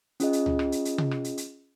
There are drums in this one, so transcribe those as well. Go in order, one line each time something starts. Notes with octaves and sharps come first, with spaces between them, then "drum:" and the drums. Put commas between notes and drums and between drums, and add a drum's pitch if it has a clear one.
C#4 F4 G#4 D#5, drum: hi-hat
drum: hi-hat
drum: tom C#2
drum: rim click
drum: hi-hat
drum: hi-hat
drum: tom C3
drum: rim click
drum: hi-hat
drum: hi-hat